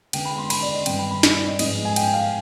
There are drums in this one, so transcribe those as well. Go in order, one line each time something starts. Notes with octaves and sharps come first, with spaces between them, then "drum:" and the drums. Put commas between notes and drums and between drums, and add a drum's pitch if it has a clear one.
D3 G#3 B3 G5, drum: cymbal
B5
C6
B5, drum: cymbal
D5
D#5
G2 D#3 B3 G5, drum: cymbal
B5
B5
B5, drum: snare
D5
D#5
G#2 F3 G#3 B3 D#5, drum: cymbal
G#5
G5, drum: cymbal
F5